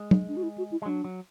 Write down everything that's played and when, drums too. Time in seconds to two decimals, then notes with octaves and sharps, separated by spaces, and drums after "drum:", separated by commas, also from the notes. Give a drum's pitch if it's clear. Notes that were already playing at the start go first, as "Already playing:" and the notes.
Already playing: G#3
0.11 drum: tom
0.28 D4
0.37 F#4
0.43 E4
0.58 F#4
0.72 E4
0.82 G#3
0.85 F#3 D4
1.04 F#3